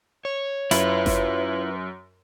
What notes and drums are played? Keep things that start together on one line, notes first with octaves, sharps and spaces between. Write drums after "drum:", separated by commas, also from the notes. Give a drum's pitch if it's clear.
C#5
F#2 E4 F4 B4, drum: hi-hat
drum: snare G1